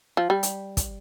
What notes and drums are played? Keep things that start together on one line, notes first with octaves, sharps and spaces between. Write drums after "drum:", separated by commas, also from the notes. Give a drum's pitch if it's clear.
F3
G3
drum: hi-hat
drum: kick, hi-hat